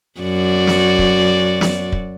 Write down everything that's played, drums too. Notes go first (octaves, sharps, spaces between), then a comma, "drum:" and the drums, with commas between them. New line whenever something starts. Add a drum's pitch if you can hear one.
F#2 F#4 D5
drum: snare
drum: kick
drum: snare
drum: kick